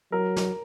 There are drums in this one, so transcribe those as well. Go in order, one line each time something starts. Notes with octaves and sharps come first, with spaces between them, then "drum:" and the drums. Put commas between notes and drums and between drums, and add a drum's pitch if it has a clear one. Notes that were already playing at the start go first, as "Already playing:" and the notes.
F#3 A#4
drum: snare